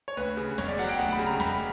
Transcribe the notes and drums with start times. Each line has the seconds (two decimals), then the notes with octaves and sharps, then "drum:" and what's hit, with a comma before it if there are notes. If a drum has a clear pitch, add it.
0.08 C#5
0.17 D2 B4, drum: hi-hat
0.37 C#3, drum: hi-hat
0.58 E1 C#5, drum: snare
0.68 D5
0.78 F#3 F#5, drum: open hi-hat
0.88 G5
0.98 D2 F#5, drum: hi-hat
1.12 B5
1.19 C#3, drum: hi-hat
1.26 A#5
1.40 E1 B5, drum: snare